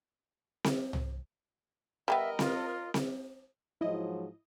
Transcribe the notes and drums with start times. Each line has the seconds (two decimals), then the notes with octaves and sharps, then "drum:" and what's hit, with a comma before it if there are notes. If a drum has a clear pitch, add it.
0.64 drum: snare C4
0.93 drum: tom C2
2.08 G3 A#3 B3 A#4 D#5 E5 G5 B5
2.39 F4, drum: snare C4
2.94 drum: snare C4
3.81 G#2 F3 F#3 E4 D#5